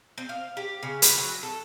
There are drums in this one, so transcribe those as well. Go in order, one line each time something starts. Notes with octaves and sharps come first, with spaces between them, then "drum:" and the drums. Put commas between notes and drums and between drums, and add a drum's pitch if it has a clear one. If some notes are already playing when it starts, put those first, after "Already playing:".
C4
F5
G4
C#3
B4, drum: hi-hat
F#3
A4